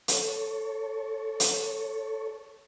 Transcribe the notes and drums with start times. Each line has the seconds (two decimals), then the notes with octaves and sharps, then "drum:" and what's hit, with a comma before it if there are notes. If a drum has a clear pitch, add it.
0.08 A4 C#5, drum: hi-hat
1.40 drum: hi-hat